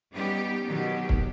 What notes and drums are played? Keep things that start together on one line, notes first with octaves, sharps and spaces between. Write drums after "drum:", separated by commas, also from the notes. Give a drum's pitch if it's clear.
G3 B3 C#4 D#4 G4
B2 D#3 F#3 G4
drum: kick C#1